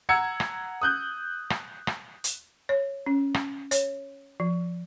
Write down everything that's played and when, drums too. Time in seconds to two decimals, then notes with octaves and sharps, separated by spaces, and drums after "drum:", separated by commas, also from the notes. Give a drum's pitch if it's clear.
0.09 F#5 A#5 E6 G#6 C#7
0.40 drum: rim click
0.81 D#6 F#6 G6
1.50 drum: rim click
1.87 drum: rim click
2.24 drum: hi-hat
2.69 C#5
3.06 C#4
3.34 drum: rim click
3.71 C#5, drum: hi-hat
4.40 F3